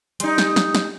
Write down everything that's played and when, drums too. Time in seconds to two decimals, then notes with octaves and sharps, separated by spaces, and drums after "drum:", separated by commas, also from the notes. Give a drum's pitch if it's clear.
0.20 G3 D#4, drum: hi-hat
0.38 drum: snare
0.56 drum: snare
0.75 drum: snare